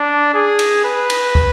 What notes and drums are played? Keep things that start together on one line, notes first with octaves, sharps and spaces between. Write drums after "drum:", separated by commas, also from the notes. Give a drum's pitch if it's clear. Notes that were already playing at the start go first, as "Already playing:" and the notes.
Already playing: D4
G#4
drum: cymbal
B4
drum: cymbal
drum: kick